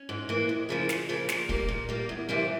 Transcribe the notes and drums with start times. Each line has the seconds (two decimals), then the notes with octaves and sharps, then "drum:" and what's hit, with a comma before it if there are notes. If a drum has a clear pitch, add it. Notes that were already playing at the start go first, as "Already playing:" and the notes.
Already playing: C#4
0.09 G#2
0.29 E3 A#3
0.49 F2
0.69 C#3 F3 A#3
0.89 F2, drum: snare
1.09 C#3 F3 A#3
1.29 A#2 A#4, drum: snare
1.49 G3 A#3, drum: kick
1.69 A#2
1.89 G3 A#3
2.09 E2
2.29 C3 E3 G3 A#3